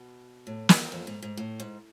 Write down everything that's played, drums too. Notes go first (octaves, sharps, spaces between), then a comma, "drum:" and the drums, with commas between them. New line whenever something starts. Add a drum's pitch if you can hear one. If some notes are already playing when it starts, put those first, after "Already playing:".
Already playing: B2
A2
F2, drum: snare
F2
G#2
G#2
A2
G#2